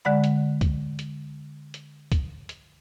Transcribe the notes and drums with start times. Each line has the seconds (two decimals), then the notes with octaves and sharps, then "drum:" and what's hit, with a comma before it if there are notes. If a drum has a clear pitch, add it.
0.05 D3 G#3 D5 F#5 B5
0.24 drum: hi-hat
0.61 drum: kick, hi-hat
0.99 drum: hi-hat
1.74 drum: hi-hat
2.12 drum: kick, hi-hat
2.49 drum: hi-hat